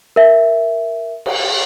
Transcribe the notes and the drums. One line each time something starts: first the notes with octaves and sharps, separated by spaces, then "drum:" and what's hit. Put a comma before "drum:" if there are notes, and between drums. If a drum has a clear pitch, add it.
A#4 E5
drum: cymbal